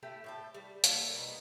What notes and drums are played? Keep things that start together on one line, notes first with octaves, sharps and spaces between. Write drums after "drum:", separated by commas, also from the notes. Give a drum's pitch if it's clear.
A3 E4 G4 A4
A2 G5 A5
G3
G3 A3 A#3, drum: hi-hat
B2 D#4